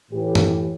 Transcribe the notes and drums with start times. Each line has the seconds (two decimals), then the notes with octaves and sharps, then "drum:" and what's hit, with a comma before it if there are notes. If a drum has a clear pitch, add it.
0.11 A2 E3 G4
0.35 drum: tom F#2